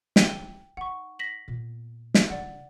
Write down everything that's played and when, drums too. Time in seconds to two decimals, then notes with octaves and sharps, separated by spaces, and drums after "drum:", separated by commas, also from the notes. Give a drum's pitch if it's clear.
0.16 G5 D#7 G7, drum: snare
0.77 D#4 F#5 C#6
1.19 A#6 B6 F#7
1.48 A#2 B3
2.14 drum: snare
2.30 C#3 D4 D5 F#5